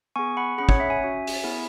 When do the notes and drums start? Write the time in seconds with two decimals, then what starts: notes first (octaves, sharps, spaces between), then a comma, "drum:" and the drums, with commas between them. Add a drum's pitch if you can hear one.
0.16 B3 G#4 G#5 C#6
0.37 F#5 B5
0.58 C#4 G#4 F#5 B5
0.69 C#5 F#5, drum: kick
0.80 E5
0.90 E5 G#5
1.01 C#4 F#4
1.27 drum: open hi-hat
1.43 B3 E4 G#4